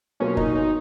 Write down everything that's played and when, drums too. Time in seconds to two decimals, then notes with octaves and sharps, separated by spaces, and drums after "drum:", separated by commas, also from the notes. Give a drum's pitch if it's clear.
0.20 B2 F#3 A#3 C#4 F4
0.37 D#4, drum: kick
0.55 D#4